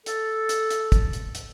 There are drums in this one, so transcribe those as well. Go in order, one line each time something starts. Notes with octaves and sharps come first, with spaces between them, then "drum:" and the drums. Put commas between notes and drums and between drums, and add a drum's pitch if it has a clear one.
A4, drum: hi-hat
drum: hi-hat
drum: hi-hat
drum: kick, hi-hat
drum: hi-hat
drum: hi-hat